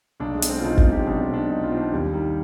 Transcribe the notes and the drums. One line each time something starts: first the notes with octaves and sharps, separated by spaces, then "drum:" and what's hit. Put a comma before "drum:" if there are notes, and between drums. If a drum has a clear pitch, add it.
B1 D4
G#3
B2, drum: hi-hat
C4
F4
B1 D#4
F4, drum: kick
B2
G4
B1 D4
C4
B2
D4
B1 D#4
F4
B2 C4
D4
D#2 G3
D#3 G3